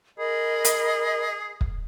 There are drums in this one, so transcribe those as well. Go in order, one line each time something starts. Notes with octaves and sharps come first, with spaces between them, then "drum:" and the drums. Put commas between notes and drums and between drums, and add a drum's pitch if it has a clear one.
G#4 A#4 D#5 B5
drum: hi-hat
drum: kick